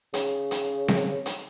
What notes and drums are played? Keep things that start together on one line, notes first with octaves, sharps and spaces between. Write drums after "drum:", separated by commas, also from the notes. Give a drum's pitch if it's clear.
C#3, drum: hi-hat
drum: hi-hat
drum: snare C4
drum: hi-hat